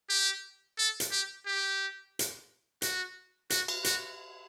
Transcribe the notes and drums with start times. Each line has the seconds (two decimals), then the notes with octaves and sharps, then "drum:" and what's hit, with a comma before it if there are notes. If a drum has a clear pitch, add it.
0.09 G4
0.78 A4
1.00 drum: hi-hat
1.12 G4
1.46 G4
2.19 drum: hi-hat
2.82 F#4, drum: hi-hat
3.50 F#4, drum: hi-hat
3.68 drum: cymbal
3.84 F#4, drum: hi-hat